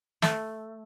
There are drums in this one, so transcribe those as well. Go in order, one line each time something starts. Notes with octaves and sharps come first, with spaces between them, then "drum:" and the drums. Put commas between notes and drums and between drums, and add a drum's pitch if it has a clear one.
A3, drum: snare